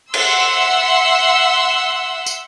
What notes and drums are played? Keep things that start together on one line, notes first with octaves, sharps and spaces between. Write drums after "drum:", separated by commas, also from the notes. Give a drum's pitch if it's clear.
E5 F#5 C6 E6, drum: cymbal
drum: tambourine